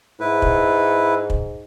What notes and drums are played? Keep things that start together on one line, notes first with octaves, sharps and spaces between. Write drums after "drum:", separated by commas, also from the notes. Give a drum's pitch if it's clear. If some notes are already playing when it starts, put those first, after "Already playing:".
G#2 E4 B4
drum: kick
drum: kick